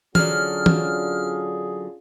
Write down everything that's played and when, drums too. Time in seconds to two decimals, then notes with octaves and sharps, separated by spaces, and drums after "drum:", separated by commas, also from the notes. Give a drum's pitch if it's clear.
0.15 D3 F#3 C#4 D4 F4 G#4 F6, drum: tom E3
0.66 drum: tom E3